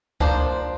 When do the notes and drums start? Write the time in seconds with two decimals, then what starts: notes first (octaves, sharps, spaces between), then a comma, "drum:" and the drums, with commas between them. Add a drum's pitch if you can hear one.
0.20 F3 A#3 D4 C5, drum: kick C#2